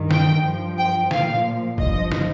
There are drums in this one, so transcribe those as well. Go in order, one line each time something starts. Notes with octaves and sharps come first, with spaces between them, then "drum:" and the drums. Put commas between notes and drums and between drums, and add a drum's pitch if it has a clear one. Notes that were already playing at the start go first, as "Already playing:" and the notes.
Already playing: G2 D#3
G5, drum: snare
G2 F3
G5
A#2 F3 F5, drum: snare
G2 F3 D#5, drum: kick
drum: snare